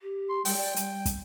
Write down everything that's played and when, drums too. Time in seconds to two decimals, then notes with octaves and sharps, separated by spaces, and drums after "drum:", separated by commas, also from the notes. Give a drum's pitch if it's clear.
0.01 G4
0.29 C6
0.45 G3 G5, drum: open hi-hat
0.57 D5
0.76 G3, drum: hi-hat
1.05 drum: kick, hi-hat